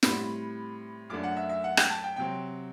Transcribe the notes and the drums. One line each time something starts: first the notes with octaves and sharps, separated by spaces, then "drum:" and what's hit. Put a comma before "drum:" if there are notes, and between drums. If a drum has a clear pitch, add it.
A2 G3 C4 B5, drum: snare
F#2 F#3 A3 D4 D6
F#5
E5
E5
F#5
G5, drum: rim click
A5
G5
C3 F#3 C4 G5